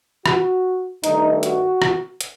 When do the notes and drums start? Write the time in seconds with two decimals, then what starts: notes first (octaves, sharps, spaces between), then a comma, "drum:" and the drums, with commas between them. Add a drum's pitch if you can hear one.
0.26 F#4, drum: rim click
1.04 G2 D#3 A3 D#4, drum: hi-hat
1.43 F#4, drum: hi-hat
1.82 drum: rim click
2.21 drum: hi-hat